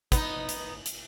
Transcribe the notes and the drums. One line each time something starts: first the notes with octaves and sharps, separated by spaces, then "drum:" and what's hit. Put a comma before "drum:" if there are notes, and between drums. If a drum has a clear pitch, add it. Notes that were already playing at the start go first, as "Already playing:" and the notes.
B3 D#4, drum: kick, hi-hat
drum: hi-hat
drum: hi-hat